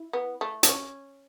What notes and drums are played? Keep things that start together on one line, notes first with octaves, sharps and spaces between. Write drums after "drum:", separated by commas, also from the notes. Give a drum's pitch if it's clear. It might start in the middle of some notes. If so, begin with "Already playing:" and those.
Already playing: E4
B3
A3
D4, drum: hi-hat
C#4